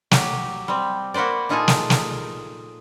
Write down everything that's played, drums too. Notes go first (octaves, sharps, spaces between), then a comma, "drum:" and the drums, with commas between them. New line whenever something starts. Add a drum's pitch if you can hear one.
F#3 G4, drum: snare
G3 C4
A#3 F#4 B4 C5 D5
A#2 D#4 F4 G#4 A4 G#5
drum: snare
drum: snare